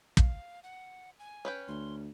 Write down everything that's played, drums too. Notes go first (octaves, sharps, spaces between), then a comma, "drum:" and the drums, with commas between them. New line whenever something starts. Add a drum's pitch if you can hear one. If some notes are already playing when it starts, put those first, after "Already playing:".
F5, drum: kick
F#5
G#5
C#4 B4 G5
D2 C6